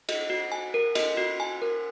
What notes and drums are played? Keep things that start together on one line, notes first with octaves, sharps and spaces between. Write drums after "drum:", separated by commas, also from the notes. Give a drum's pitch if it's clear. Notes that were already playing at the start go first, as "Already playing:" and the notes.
D#5, drum: cymbal
F#4
G#5
A#4
D#5, drum: cymbal
F#4
G#5
A#4